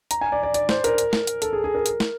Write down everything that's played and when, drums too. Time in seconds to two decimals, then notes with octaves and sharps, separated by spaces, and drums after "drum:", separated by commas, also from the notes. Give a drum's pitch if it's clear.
0.11 A#5, drum: hi-hat
0.21 G#5
0.32 D5
0.43 D5
0.54 D5, drum: hi-hat
0.69 C5, drum: snare
0.84 A#4, drum: hi-hat
0.98 drum: hi-hat
1.13 drum: snare
1.27 drum: hi-hat
1.42 A4, drum: hi-hat
1.53 G#4
1.64 G#4
1.75 A#4
1.86 drum: hi-hat
2.00 drum: snare